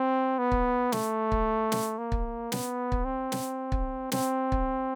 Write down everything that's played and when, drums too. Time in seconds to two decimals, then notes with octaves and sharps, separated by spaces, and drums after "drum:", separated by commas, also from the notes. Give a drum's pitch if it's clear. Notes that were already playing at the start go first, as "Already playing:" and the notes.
Already playing: C4
0.39 B3
0.52 drum: kick
0.92 A3, drum: snare
1.32 drum: kick
1.72 drum: snare
1.98 A#3
2.12 drum: kick
2.52 B3, drum: snare
2.92 drum: kick
3.05 C4
3.32 drum: snare
3.72 drum: kick
4.12 C4, drum: snare
4.52 drum: kick